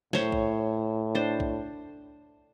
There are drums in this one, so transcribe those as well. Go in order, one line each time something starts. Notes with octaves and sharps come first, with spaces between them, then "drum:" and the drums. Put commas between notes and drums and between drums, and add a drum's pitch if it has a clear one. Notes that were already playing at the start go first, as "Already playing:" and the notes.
A2 C5 C#5, drum: snare
drum: kick A#1
D4 C5
drum: kick A#1